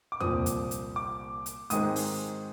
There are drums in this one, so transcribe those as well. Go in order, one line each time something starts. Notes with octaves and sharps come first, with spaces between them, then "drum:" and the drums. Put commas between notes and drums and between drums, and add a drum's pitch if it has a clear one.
D6
C2 A#2 F3 C4 D#6, drum: tom E2
drum: hi-hat
drum: hi-hat
D6
drum: hi-hat
G#2 D#3 G#3 C4 D#6, drum: hi-hat
drum: open hi-hat